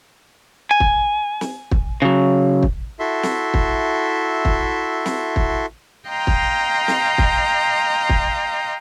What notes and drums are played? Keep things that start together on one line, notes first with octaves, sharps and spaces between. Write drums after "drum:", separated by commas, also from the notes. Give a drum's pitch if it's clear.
G#5
drum: kick
drum: snare
drum: kick
C#3 F#3
drum: kick
E4 F#4 A4 E5 C6
drum: snare
drum: kick
drum: kick
drum: snare
drum: kick
D#5 F5 G5 A#5 C6
drum: kick
drum: snare
drum: kick
drum: kick